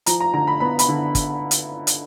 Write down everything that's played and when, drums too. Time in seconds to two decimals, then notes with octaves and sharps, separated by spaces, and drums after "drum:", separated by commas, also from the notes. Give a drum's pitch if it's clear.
0.06 F3 A#5, drum: hi-hat
0.20 A#5
0.33 D3 A#5
0.47 B5
0.60 B3 B5
0.79 B5, drum: hi-hat
0.88 D3
1.15 drum: kick, hi-hat
1.51 drum: hi-hat
1.87 drum: hi-hat